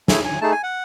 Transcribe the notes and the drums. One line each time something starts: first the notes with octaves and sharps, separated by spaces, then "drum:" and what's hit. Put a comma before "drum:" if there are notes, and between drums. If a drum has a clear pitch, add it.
A3 E4 G#4 G#5, drum: snare
G#5
A3 D#4 G#4 A5
G#5
F#5